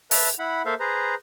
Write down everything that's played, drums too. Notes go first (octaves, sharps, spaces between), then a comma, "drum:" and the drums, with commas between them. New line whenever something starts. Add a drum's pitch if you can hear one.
B4 E5 A5, drum: open hi-hat
E4 F#5 B5
A#3 A4 C5 E5 F5
G#4 B4 C5 A#5